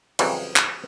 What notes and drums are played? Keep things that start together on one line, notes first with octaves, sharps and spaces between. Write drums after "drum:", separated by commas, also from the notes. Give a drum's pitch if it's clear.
F2 C#3 E3 F#3 G3, drum: cymbal
drum: clap